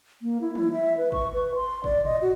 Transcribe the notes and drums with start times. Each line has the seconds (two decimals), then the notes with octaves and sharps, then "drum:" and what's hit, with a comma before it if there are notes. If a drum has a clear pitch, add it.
0.22 A#3
0.41 E4
0.55 E4, drum: tom
0.73 E5
0.97 B4
1.12 C#6, drum: kick
1.33 B4
1.55 C6
1.84 D5, drum: kick
2.05 D#5, drum: tom
2.22 F#4